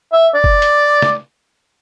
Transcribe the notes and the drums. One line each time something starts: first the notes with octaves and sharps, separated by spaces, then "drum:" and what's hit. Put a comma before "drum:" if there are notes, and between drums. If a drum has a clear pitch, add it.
E5
D5
drum: kick
drum: hi-hat
drum: snare